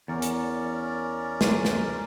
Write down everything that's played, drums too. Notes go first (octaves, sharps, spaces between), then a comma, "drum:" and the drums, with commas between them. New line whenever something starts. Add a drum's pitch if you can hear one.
E2 C#4 A#4 D5
drum: hi-hat
drum: snare
drum: snare